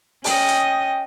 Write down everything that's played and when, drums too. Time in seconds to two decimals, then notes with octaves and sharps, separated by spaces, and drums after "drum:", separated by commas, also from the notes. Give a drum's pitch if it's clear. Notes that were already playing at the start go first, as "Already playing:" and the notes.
0.24 C#4 D#5 G5, drum: open hi-hat
0.49 drum: hi-hat